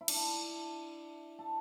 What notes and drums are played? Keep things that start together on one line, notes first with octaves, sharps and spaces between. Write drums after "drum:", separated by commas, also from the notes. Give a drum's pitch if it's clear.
E4
D4, drum: cymbal
E4
A4